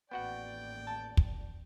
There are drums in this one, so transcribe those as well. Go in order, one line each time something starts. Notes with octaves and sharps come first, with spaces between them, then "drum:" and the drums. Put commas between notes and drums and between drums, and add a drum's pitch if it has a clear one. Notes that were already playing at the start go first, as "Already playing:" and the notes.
A1 D#2 B3 F#4 D5 F#5 G5
A5
drum: kick